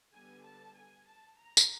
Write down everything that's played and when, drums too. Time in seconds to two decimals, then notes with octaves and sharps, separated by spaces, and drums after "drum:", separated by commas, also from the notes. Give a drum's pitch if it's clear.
0.13 D3 G3 B3 G#5
0.45 A5
0.76 G#5
1.07 A5
1.38 A#5
1.57 drum: tambourine